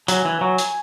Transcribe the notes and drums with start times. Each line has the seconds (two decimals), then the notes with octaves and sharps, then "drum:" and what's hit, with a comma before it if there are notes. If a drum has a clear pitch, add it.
0.08 F#3 G#5, drum: hi-hat
0.25 E3
0.41 F#3
0.58 drum: hi-hat